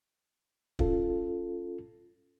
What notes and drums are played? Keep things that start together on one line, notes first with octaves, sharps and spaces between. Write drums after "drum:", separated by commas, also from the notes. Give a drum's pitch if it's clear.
C#4 F4 A4, drum: kick